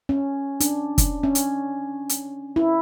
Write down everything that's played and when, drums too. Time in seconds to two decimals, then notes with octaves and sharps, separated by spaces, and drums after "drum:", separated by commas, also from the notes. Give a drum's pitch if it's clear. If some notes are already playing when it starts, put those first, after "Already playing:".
0.09 C#4
0.60 D4, drum: hi-hat
0.98 drum: kick, hi-hat
1.23 C#4
1.35 drum: hi-hat
2.09 drum: hi-hat
2.56 E4